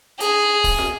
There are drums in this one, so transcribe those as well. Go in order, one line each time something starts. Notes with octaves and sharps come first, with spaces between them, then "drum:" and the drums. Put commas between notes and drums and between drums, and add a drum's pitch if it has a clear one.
G#4, drum: hi-hat
drum: kick, open hi-hat
drum: snare